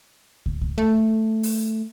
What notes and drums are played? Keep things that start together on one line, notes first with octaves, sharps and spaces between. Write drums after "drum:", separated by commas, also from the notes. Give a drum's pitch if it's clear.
drum: kick
drum: kick
A3
drum: open hi-hat